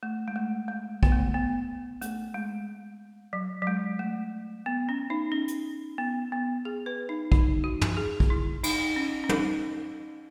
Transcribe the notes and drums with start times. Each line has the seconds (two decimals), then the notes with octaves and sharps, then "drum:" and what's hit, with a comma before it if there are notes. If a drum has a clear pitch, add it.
0.03 A3
0.28 G#3
0.36 A3
0.68 G#3
1.03 B3, drum: kick
1.12 A3
1.34 B3
2.02 A3, drum: hi-hat
2.34 G#3
3.33 F#3
3.62 F#3
3.67 G#3
3.99 A3
4.66 B3
4.89 C#4
5.10 D#4
5.32 C#4
5.48 drum: hi-hat
5.98 B3
6.32 B3
6.65 G#4
6.86 B4
7.09 D#4
7.32 D#4, drum: kick
7.64 F#4
7.81 drum: tom
7.97 G#4
8.20 drum: kick
8.30 E4
8.64 D#4, drum: cymbal
8.96 C#4
9.24 C#4
9.29 D#4, drum: tom